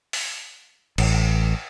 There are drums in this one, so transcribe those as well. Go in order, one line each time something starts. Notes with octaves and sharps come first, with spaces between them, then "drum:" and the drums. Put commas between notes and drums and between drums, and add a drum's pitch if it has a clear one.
drum: open hi-hat
A1, drum: cymbal